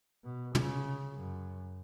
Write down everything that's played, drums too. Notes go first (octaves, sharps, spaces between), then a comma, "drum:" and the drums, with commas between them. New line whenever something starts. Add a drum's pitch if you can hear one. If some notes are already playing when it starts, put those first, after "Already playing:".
B2
C#3, drum: tom
F#2